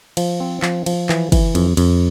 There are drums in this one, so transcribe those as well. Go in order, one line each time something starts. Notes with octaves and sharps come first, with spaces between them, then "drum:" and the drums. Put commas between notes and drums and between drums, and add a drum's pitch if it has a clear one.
F3, drum: cymbal
C4
F3, drum: clap
F3, drum: cymbal
E3, drum: clap
E3, drum: kick, cymbal
F2, drum: cymbal
F2, drum: cymbal